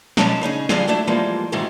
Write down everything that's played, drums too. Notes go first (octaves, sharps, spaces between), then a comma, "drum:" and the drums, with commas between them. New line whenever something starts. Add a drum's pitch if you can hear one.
B2 G#3 C#4 D4 A5 A#5, drum: snare
C#3 C#4 D#4 G#4
D3 G3 F4 G#4 G#5, drum: snare
F#3 A3 D4 E4
E3 F3 G3 G#3 A#3
G#2 D#3 E3 F#3 G#3 C#4